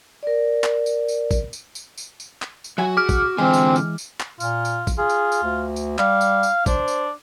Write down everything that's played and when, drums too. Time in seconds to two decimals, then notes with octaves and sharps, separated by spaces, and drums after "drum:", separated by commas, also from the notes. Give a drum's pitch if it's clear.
0.23 A#4 D5
0.64 drum: clap
0.86 drum: tambourine
1.08 drum: tambourine
1.31 drum: kick, tambourine
1.53 drum: tambourine
1.75 drum: tambourine
1.98 drum: tambourine
2.20 drum: tambourine
2.42 drum: clap
2.64 drum: tambourine
2.78 F#3 F#4 E5 G#5
2.97 G#4 D6 F6
3.09 drum: kick, tambourine
3.38 D3 E3 G#3 C4 F4 G#5
3.53 drum: tambourine
3.76 drum: tambourine
3.98 drum: tambourine
4.20 drum: clap
4.40 A#2 F4, drum: tambourine
4.65 drum: tambourine
4.87 drum: kick, tambourine
4.98 F4 G#4
5.09 drum: tambourine
5.32 drum: tambourine
5.43 D2
5.76 drum: tambourine
5.99 G3 F5, drum: clap
6.21 drum: tambourine
6.43 drum: tambourine
6.66 D4 C5, drum: kick, tambourine
6.88 drum: tambourine